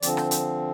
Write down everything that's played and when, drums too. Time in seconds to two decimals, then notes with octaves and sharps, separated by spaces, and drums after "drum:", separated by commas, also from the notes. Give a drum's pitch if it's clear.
0.02 D3 F3 C4 D5, drum: hi-hat
0.17 C5, drum: rim click
0.31 C5, drum: hi-hat